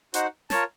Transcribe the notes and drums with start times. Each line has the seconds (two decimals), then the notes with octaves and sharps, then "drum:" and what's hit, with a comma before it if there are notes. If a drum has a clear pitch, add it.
0.14 D#4 F#4 C5 F#5, drum: hi-hat
0.50 F4 A#4 C#5 A5, drum: snare